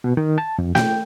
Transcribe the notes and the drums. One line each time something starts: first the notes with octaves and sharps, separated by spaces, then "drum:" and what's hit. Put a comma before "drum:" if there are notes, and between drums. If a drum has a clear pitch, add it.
B2
D#3
A5
F2
G5, drum: snare